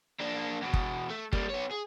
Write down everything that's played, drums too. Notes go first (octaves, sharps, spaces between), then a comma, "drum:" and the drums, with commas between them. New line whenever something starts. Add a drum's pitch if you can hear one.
A#3 D4
E2 B2
drum: kick G1
A3
G3 A#3, drum: kick G1
B3 C#5
G#4